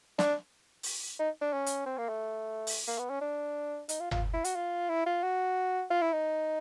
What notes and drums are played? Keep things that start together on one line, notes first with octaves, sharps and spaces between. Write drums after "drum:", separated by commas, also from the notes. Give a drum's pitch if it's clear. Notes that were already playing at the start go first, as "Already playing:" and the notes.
D4, drum: snare
drum: open hi-hat
D#4
D4
C#4
drum: hi-hat
C4
A#3
A3
drum: open hi-hat
A#3
B3
C#4
D4
D#4, drum: hi-hat
F4
F4, drum: tom G1
E4
F#4, drum: hi-hat
F4
E4
F4
F#4
F4
E4
D#4